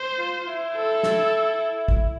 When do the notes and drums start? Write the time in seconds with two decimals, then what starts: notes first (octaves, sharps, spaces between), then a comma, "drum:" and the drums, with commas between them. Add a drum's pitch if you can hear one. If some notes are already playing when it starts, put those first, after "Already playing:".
Already playing: C5
0.18 F4
0.39 F4
0.47 E4
0.75 A4
1.03 drum: snare
1.88 drum: kick